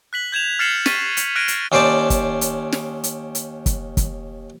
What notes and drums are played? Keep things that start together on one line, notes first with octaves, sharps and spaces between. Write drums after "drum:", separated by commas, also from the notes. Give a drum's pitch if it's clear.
F#6 B6 F#7
G6 G#6 E7 F7
F6 A6 C7 C#7 E7 F#7
C#6 A6 B6 D#7, drum: snare
drum: hi-hat
F6 F#6 G#6 A#6 D7 D#7
drum: hi-hat
D#2 C#4 C5 D5 G5 A5
drum: kick, hi-hat
drum: hi-hat
drum: snare
drum: hi-hat
drum: hi-hat
drum: kick, hi-hat
drum: kick, hi-hat